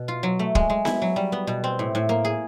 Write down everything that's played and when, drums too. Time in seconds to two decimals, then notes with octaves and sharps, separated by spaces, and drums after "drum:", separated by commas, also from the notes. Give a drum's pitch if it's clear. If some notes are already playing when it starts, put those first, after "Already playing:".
Already playing: B2
0.08 F4
0.23 F#3
0.39 A3
0.55 G#3, drum: kick
0.70 G#3
0.85 E4, drum: snare B3
1.02 F#3
1.16 G3
1.32 B3
1.47 B2
1.64 C4
1.79 A2
1.95 A2
2.09 A#3
2.25 G#4